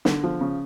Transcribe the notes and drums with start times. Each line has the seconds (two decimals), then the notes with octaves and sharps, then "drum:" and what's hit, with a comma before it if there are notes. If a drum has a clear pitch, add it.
0.05 D3, drum: snare
0.24 F3
0.41 C#3